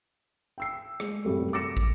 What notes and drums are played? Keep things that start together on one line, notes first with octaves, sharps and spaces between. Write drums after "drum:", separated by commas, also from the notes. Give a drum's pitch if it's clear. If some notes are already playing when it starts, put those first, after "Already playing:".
G5 E6 C7
G#3, drum: rim click
C2 F#2 G3 A3
D6 A6 A#6 C#7 E7
drum: kick